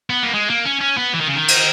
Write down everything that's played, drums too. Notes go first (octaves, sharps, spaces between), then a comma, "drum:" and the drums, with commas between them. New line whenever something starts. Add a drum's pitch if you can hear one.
B3
A#3
G#3
A#3
C#4
C#4
B3
E3
D#3
C#3
D#3
drum: cymbal